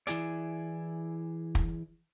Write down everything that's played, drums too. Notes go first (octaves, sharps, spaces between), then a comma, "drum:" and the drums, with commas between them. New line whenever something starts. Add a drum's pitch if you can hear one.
E3 E4 G#4 D5, drum: hi-hat
drum: kick